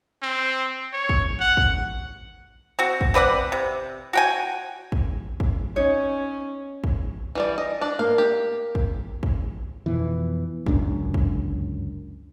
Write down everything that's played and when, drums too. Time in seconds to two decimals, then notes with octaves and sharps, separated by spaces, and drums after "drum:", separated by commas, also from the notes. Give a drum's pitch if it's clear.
0.22 C4
0.93 C#5
1.09 drum: kick
1.40 F#5
1.57 drum: kick
2.79 C4 F#4
3.01 drum: kick
3.14 C4 B4 D5 F#5
3.52 C3
4.13 F#4 G5 G#5
4.92 drum: kick
5.40 drum: kick
5.76 C#4 D#4 C#5
6.84 drum: kick
7.35 E3 G3 D5
7.58 D#5
7.81 D4 D5
7.99 A#3 F5
8.18 G4
8.75 drum: kick
9.23 drum: kick
9.86 F2 B2 E3
10.66 G1 C#2 F#2 D4, drum: kick
11.14 drum: kick